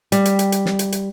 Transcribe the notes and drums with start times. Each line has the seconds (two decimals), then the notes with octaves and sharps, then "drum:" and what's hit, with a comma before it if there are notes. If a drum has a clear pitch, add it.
0.12 G3, drum: hi-hat
0.25 drum: hi-hat
0.39 drum: hi-hat
0.52 drum: hi-hat
0.66 drum: snare
0.79 drum: hi-hat
0.92 drum: hi-hat